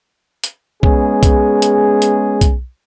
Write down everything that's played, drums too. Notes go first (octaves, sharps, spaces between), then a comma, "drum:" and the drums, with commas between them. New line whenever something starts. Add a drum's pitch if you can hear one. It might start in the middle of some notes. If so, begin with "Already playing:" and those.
drum: hi-hat
G#3 B3 C#4 G#4, drum: kick
drum: kick, hi-hat
drum: hi-hat
drum: hi-hat
drum: kick, hi-hat